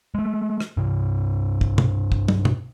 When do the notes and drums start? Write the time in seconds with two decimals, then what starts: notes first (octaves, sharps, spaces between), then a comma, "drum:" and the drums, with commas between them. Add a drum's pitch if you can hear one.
0.15 G#3 A3
0.60 drum: rim click
0.77 G2 C3
1.61 drum: kick
1.78 drum: tom B2
2.12 drum: kick
2.28 drum: tom
2.45 drum: tom B2